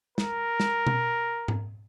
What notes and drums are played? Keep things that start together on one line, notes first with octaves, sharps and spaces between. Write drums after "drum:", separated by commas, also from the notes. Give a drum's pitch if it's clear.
A#4, drum: snare
drum: snare
drum: tom B2
drum: tom G#2